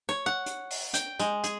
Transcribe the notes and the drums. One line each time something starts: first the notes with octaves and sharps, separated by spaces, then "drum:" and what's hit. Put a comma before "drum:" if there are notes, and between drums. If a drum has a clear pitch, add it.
C#5
F#5
drum: hi-hat
drum: open hi-hat
G5, drum: hi-hat
G#3, drum: hi-hat
G#4, drum: hi-hat